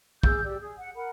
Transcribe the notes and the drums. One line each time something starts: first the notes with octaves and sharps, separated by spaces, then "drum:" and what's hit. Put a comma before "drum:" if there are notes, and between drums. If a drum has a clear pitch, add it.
G#4 D6 E6 G6, drum: kick
G4 D5 E6
G#4
F#5
A#4 F#5 B5